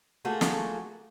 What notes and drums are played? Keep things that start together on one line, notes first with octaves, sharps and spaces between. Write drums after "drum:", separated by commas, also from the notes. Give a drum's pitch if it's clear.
A3 A#3 F4 F#4 G#4 A4
drum: snare